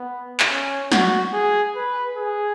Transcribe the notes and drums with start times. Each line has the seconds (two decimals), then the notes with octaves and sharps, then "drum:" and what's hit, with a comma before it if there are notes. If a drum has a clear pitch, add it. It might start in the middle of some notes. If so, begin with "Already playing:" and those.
Already playing: B3
0.40 drum: clap
0.51 C#4
0.92 F#4, drum: snare
1.33 G#4
1.76 B4
2.17 G#4